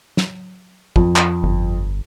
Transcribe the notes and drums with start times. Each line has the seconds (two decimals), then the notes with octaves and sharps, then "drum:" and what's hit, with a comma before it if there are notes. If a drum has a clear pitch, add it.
0.17 drum: snare
0.96 F2, drum: kick
1.16 drum: clap
1.43 G1